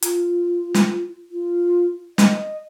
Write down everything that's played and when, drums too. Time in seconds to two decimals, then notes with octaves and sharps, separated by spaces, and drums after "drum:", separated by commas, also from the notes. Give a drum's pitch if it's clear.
0.02 F4, drum: hi-hat
0.74 drum: snare
1.31 F4
2.18 D#5, drum: snare